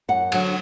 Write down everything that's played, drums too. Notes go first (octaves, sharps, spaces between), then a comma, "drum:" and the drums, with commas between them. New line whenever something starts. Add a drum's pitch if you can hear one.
F#2 F#5
D3 F#3, drum: cymbal